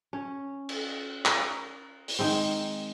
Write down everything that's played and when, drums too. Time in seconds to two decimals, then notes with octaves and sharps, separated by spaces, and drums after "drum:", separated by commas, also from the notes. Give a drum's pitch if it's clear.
0.13 C#4
0.69 drum: cymbal
1.26 A#4, drum: clap
2.08 drum: open hi-hat
2.19 D#3 G#3 C4